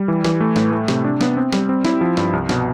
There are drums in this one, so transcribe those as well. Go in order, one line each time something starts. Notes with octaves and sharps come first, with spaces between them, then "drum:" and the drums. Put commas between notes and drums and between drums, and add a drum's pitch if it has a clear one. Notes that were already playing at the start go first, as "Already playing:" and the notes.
Already playing: G3
E3
E3, drum: snare
A3
A2, drum: snare
A3
C3, drum: snare
D4
B3, drum: snare
C4
G3, drum: snare
C4
E4, drum: snare
F3
G2, drum: snare
C2
B2, drum: snare